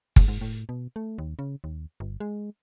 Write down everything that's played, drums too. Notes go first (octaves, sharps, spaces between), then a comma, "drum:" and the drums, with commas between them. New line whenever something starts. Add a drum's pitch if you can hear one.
G#2, drum: kick
G#2
A2
B2
A3
D#2
C#3
D#2
G1
G#3